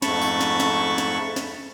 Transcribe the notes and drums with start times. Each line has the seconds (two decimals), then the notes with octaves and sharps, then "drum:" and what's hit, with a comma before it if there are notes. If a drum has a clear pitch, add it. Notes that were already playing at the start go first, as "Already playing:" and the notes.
0.02 F2 G#2 A3 A5 B5 C#6, drum: snare
0.21 drum: tambourine
0.41 drum: snare
0.60 drum: snare
0.98 drum: snare
1.36 drum: snare